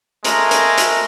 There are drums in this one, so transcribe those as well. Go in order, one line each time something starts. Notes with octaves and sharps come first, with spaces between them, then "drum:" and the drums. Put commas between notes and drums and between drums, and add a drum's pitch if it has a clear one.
G#3 A3 A#4 A#5, drum: hi-hat
drum: hi-hat
drum: hi-hat